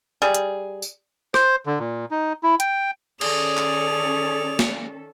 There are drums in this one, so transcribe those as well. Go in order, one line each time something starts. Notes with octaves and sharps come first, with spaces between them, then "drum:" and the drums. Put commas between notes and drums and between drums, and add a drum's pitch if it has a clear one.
G3 G#4
drum: hi-hat
drum: tambourine
C5, drum: rim click
D3
A#2
D#4
E4
G5, drum: hi-hat
D#3 C#4 G#4 A4 D5 F7, drum: cymbal
drum: clap
drum: snare